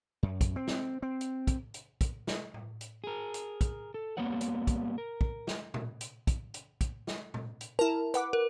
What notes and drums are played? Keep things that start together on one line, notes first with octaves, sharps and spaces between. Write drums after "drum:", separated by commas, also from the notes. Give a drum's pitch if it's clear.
F#2
drum: kick, hi-hat
C4
drum: snare
C4
drum: hi-hat
drum: kick, hi-hat
drum: hi-hat
drum: kick, hi-hat
drum: snare
drum: tom A2
drum: hi-hat
G#4 A#4
drum: hi-hat
drum: kick, hi-hat
A4
G3 A#3 B3 C#5 F#5
drum: hi-hat
drum: kick, hi-hat
A#4
drum: kick
drum: snare
drum: tom A#2
drum: hi-hat
drum: kick, hi-hat
drum: hi-hat
drum: kick, hi-hat
drum: snare
drum: tom A#2
drum: hi-hat
E4 A#4 A5
B4 F#5 D6, drum: hi-hat
A#4